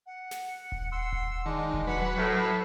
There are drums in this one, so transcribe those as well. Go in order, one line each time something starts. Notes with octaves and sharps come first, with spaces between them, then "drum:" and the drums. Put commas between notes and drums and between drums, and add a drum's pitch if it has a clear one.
F#5
drum: snare
drum: kick D#1
C6 E6
drum: kick D#1
D#3 G#3 D4
drum: kick D#1
F#3 B4 F#5
A2 A#4 F#5